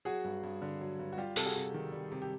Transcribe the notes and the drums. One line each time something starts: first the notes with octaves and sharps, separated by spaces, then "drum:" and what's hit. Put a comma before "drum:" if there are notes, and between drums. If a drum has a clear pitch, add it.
F#3 F#4 G#4
G2
G2
D3
F#3
G2
F#4
G3 F4 G4
C3 A4, drum: open hi-hat
F#4 G#4
C3
D#3
G3
C3
G4